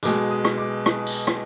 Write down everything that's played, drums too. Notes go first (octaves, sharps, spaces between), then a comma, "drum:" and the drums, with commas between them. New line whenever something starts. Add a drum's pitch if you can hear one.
B1 B2 G#3 D6, drum: tambourine
D#6
drum: rim click
D6
drum: rim click
drum: tambourine
drum: rim click